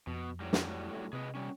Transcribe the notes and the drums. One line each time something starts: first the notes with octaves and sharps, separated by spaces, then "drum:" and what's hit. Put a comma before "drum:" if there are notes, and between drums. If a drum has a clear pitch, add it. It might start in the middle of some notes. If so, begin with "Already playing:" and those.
F2 B2
A2 F#3 G3
drum: snare
A3
C3 G#4 B4 D#5
G3 C#4